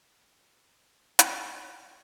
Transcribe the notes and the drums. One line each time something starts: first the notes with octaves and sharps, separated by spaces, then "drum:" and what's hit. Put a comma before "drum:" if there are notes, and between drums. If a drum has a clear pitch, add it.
E3 G3 B3 A4 A#4 A5
drum: hi-hat